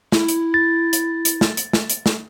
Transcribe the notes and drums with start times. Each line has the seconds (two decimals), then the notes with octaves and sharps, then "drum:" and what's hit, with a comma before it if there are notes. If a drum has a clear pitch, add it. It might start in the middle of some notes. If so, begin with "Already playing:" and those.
0.12 E4, drum: snare
0.28 drum: hi-hat
0.54 A6
0.93 drum: hi-hat
1.25 drum: hi-hat
1.41 drum: snare
1.57 drum: hi-hat
1.73 drum: snare
1.90 drum: hi-hat
2.06 drum: snare